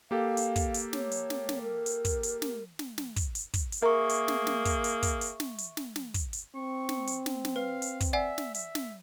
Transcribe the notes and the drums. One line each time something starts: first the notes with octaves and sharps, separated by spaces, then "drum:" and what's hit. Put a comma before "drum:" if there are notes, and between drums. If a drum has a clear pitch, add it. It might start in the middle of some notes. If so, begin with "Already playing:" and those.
A#3 G4 A4 F5
drum: hi-hat
drum: kick, hi-hat
drum: hi-hat
C#5, drum: snare
drum: hi-hat
drum: snare
drum: snare
A#4
drum: hi-hat
drum: kick, hi-hat
drum: hi-hat
drum: snare
drum: snare
drum: snare
drum: kick, hi-hat
drum: hi-hat
drum: kick, hi-hat
drum: hi-hat
A#3 G#4 A#4 E5 A#5 C#6
drum: hi-hat
drum: snare
drum: snare
drum: kick, hi-hat
drum: hi-hat
drum: kick, hi-hat
drum: hi-hat
drum: snare
drum: hi-hat
drum: snare
drum: snare
drum: kick, hi-hat
drum: hi-hat
C4 C#6
drum: snare
drum: hi-hat
drum: snare
drum: snare
B4 F5
drum: hi-hat
drum: kick, hi-hat
D5 E5 F#5 G#5
drum: snare
E5, drum: hi-hat
drum: snare